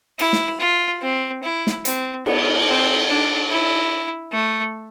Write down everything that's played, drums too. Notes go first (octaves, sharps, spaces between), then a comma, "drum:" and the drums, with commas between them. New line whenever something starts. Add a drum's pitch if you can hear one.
E4, drum: cymbal
drum: snare
F4
C4
E4
drum: snare
C4, drum: hi-hat
B3, drum: cymbal
C4
D4
E4
A3